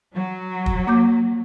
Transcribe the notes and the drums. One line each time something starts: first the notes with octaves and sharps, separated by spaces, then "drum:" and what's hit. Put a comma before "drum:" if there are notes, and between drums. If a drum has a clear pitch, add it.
F#3
drum: kick
A#3 D6 G6